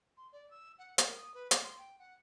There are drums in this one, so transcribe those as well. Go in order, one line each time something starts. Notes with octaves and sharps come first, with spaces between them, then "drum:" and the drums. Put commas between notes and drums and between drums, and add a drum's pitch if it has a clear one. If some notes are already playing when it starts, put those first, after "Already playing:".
C6
D5
E6
F#5
A#4, drum: hi-hat
D#6
B4
D6, drum: hi-hat
C6
G5
F#5